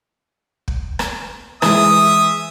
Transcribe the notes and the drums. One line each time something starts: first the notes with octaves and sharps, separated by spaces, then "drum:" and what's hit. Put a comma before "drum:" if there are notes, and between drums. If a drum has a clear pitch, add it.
drum: kick
drum: rim click
E3 G#3 E5 D#6, drum: rim click